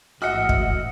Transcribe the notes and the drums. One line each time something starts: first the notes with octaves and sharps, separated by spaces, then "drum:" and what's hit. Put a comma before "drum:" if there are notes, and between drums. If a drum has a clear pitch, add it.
A1 G#2 F#4 D#5 E5 F#5 F6 C#7
drum: kick